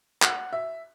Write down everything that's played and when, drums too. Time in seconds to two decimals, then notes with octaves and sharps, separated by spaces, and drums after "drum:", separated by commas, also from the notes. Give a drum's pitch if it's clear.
0.22 F#5, drum: clap
0.53 E5